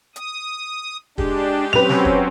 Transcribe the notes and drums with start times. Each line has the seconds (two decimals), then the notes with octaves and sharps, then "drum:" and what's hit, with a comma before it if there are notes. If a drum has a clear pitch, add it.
0.16 D#6, drum: hi-hat
1.18 G#3 D4 G4, drum: kick
1.73 F#3 C4 C#4 B4 F7
1.89 drum: snare
2.05 drum: kick